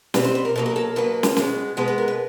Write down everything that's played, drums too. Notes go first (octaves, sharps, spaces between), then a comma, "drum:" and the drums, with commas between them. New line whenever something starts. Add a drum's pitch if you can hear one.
B2 G3 C4 B4, drum: snare
C5
B4
A#4
B2 F#3 A#3 A4
A#4
A4
B2 F#3 A#3 B4
drum: snare
B2 G#3 B3, drum: snare
B2 G#3 B3 B4
B4
A#4
B4